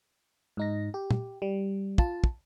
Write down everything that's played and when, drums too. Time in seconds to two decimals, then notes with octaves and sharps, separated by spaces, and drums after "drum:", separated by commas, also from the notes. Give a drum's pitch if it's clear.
0.57 G#2 D#4 A#6
0.94 G4
1.11 drum: tom
1.42 G3
1.98 F4 A5, drum: kick
2.24 drum: kick